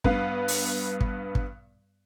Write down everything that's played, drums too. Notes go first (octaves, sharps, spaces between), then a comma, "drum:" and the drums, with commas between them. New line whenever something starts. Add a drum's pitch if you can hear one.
G2 B3 F5, drum: kick
drum: open hi-hat
drum: kick
drum: kick